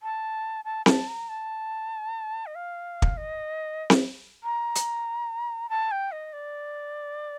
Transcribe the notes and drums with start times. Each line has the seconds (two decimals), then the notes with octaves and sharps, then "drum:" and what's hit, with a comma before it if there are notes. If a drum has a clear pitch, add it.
0.03 A5
0.65 A5
0.86 A5, drum: snare C4
1.08 A#5
1.29 A5
2.46 D#5
2.55 F5
3.02 drum: kick
3.17 D#5
3.90 drum: snare C4
4.43 A#5
4.75 drum: hi-hat
5.69 A5
5.91 G5
6.12 D#5
6.33 D5